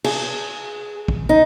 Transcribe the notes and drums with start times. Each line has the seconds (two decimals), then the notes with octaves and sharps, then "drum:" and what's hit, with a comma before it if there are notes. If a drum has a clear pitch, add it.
0.04 G#4, drum: cymbal
1.08 drum: kick
1.29 D#4